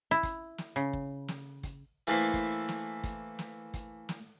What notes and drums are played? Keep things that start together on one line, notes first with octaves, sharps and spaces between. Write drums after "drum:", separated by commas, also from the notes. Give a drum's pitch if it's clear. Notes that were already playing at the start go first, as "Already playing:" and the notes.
E4
drum: kick, hi-hat
drum: snare
C#3
drum: kick
drum: snare
drum: kick, hi-hat
E3 A3 A#3 E4 A4 C5
drum: kick, hi-hat
drum: snare
drum: kick, hi-hat
drum: snare
drum: kick, hi-hat
drum: snare